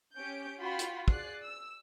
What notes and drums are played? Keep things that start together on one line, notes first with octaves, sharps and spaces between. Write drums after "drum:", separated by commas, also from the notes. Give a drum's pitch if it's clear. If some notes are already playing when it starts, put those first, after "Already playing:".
C#4 G4 G6 D7
F4 F#4 G5 B5 C6
drum: hi-hat
G#4 D5 F#6 C7, drum: kick
E6